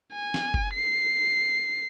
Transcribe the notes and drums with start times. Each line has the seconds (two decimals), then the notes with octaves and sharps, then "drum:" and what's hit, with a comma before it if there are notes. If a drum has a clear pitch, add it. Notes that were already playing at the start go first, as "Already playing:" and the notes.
0.13 G#5
0.34 drum: snare
0.54 drum: kick F#1
0.75 C7